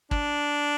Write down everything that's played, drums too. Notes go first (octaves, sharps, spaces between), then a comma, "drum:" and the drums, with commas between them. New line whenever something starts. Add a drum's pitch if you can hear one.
D4, drum: kick